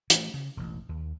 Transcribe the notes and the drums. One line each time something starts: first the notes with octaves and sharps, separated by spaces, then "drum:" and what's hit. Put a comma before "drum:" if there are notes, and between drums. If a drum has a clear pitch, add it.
E3 A3, drum: hi-hat
C#3
E1 A1
D#2